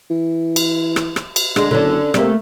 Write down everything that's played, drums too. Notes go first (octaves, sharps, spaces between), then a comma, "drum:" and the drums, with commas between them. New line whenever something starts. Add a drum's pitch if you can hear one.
E3
drum: cymbal
drum: rim click
drum: rim click
drum: cymbal
D3 G#3, drum: rim click
F#1 D3 C#4 D4
C3 G3 A3 A#3, drum: rim click